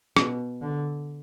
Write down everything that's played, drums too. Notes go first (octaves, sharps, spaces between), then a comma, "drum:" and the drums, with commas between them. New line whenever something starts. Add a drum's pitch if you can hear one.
B2, drum: rim click
D3